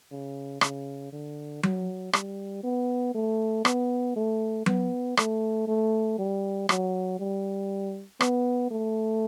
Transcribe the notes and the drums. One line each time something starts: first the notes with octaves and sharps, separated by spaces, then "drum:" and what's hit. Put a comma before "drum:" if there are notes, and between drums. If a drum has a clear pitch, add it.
C#3
C#3, drum: rim click
D3
F#3, drum: tom F#3
G3, drum: rim click
B3
A3
B3, drum: rim click
A3
B3, drum: tom F#3
A3, drum: rim click
A3
G3
F#3, drum: rim click
G3
B3, drum: rim click
A3